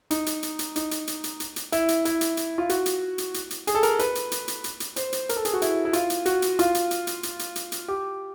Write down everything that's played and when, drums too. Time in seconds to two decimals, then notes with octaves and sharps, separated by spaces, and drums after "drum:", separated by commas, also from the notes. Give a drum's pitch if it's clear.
0.11 D#4, drum: hi-hat
0.26 drum: hi-hat
0.43 drum: hi-hat
0.59 drum: hi-hat
0.76 D#4, drum: hi-hat
0.91 drum: hi-hat
1.07 drum: hi-hat
1.24 drum: hi-hat
1.40 drum: hi-hat
1.56 drum: hi-hat
1.72 E4, drum: hi-hat
1.88 drum: hi-hat
2.05 E4, drum: hi-hat
2.21 drum: hi-hat
2.37 drum: hi-hat
2.58 F4
2.69 F#4, drum: hi-hat
2.86 drum: hi-hat
3.18 drum: hi-hat
3.34 drum: hi-hat
3.50 drum: hi-hat
3.67 G#4, drum: hi-hat
3.75 A4
3.83 A#4, drum: hi-hat
3.99 B4, drum: hi-hat
4.15 drum: hi-hat
4.32 drum: hi-hat
4.48 drum: hi-hat
4.64 drum: hi-hat
4.80 drum: hi-hat
4.96 C5, drum: hi-hat
5.13 drum: hi-hat
5.29 A#4, drum: hi-hat
5.36 A4
5.45 G#4, drum: hi-hat
5.54 F#4
5.62 E4, drum: hi-hat
5.85 E4
5.93 F4, drum: hi-hat
6.10 drum: hi-hat
6.26 F#4, drum: hi-hat
6.42 drum: hi-hat
6.59 F4, drum: hi-hat
6.75 drum: hi-hat
6.91 drum: hi-hat
7.07 drum: hi-hat
7.23 drum: hi-hat
7.39 drum: hi-hat
7.56 drum: hi-hat
7.72 drum: hi-hat
7.88 G4